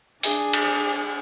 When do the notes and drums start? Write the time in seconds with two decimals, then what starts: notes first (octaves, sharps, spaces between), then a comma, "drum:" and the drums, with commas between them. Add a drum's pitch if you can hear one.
0.23 D4 G#4, drum: open hi-hat
0.53 drum: cymbal